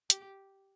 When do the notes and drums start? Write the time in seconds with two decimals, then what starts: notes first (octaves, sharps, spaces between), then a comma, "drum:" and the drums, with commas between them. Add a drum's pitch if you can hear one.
0.10 G4, drum: hi-hat